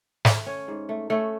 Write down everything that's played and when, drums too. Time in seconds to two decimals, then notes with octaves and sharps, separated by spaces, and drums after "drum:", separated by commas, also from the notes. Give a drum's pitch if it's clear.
0.25 A3, drum: snare
0.46 C#4
0.68 G#2
0.89 A3
1.10 A3 C#4 A4